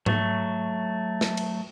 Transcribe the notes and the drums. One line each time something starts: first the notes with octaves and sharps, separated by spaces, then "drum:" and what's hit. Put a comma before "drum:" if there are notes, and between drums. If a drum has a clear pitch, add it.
F#3 A3, drum: tom G#2
drum: snare
drum: cymbal